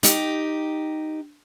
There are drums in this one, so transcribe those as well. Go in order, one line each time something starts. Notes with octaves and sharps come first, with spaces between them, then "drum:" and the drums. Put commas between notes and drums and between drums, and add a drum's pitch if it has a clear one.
D#4 G4, drum: hi-hat